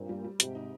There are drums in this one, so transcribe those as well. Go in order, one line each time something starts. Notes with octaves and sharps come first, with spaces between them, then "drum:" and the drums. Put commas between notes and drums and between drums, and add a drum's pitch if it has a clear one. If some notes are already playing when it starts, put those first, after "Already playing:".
Already playing: G2 A#2 C4
G3
G3
G#2 C3 G4, drum: hi-hat
D#4